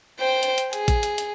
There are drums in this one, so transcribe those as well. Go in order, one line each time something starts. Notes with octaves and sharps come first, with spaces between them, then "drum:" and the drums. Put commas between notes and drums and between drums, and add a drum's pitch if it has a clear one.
C5 G5
drum: hi-hat
drum: hi-hat
G#4, drum: hi-hat
drum: kick A1, hi-hat
drum: hi-hat
drum: hi-hat